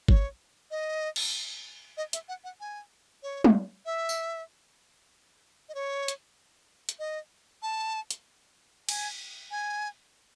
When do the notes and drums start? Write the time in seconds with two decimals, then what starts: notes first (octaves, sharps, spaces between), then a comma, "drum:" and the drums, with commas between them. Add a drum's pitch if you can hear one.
0.08 C#5, drum: kick
0.71 D#5
1.16 drum: cymbal
1.97 D#5
2.13 E5, drum: hi-hat
2.28 F#5
2.44 F#5
2.60 G#5
3.23 C#5
3.44 drum: tom
3.86 E5
4.09 drum: tambourine
5.69 D#5
5.75 C#5
6.08 drum: hi-hat
6.89 drum: hi-hat
6.99 D#5
7.62 A5
8.11 drum: hi-hat
8.89 G#5, drum: cymbal
9.51 G#5